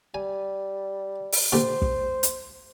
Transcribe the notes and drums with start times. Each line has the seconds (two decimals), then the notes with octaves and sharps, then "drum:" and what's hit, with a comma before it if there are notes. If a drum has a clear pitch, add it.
0.14 G3 G#5
1.32 drum: open hi-hat
1.52 A#2 D3 G3 C5
1.82 drum: kick
2.23 drum: hi-hat